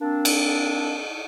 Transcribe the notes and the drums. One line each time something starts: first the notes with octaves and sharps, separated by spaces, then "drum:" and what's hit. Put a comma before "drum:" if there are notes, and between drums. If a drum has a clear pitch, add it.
A#3 C4 D4
drum: cymbal